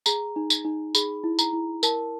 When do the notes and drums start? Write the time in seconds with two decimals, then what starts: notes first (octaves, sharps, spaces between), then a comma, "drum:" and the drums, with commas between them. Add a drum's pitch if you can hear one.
0.06 G#4 A#5, drum: tambourine
0.36 D#4
0.50 drum: tambourine
0.65 D#4
0.95 G#4 B5, drum: tambourine
1.24 E4
1.39 A#5, drum: tambourine
1.53 E4
1.83 A#4 A5, drum: tambourine